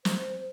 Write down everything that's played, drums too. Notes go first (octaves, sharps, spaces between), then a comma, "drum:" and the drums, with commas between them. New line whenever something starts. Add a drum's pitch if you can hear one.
C5, drum: snare